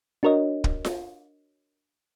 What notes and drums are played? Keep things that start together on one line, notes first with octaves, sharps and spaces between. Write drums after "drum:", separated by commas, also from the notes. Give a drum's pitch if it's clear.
D4 F#4 A#4 C#5 D#5
drum: kick
drum: snare F4